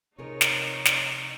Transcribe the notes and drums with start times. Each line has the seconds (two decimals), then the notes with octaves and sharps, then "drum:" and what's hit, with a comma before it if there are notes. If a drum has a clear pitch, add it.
0.18 C3 F3 D#4 G#4 A#4 C#5
0.41 drum: snare
0.85 drum: snare